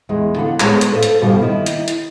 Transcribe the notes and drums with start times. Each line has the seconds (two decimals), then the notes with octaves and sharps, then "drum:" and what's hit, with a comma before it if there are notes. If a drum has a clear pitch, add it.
0.09 E2 E3 G#3
0.36 D3 F3 F#5
0.60 G#3 B3 G#4 B4 C#5, drum: clap
0.81 drum: hi-hat
0.92 A4 B4 C5 E5 F5
1.03 drum: hi-hat
1.20 G2 B2 D3 D#3 F3 G3
1.41 D#3 A#3 E4
1.66 drum: hi-hat
1.88 drum: hi-hat